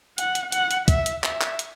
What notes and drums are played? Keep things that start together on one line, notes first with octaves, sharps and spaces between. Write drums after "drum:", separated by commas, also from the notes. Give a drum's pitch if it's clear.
F#5, drum: hi-hat
drum: hi-hat
F#5, drum: hi-hat
drum: hi-hat
E5, drum: kick, hi-hat
drum: hi-hat
E5, drum: clap
drum: clap
drum: hi-hat